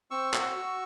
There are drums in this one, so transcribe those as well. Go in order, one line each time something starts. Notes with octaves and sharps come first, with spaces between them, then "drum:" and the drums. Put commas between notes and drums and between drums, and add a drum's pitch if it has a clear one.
C4 C#6 E6
F#4, drum: clap
F#4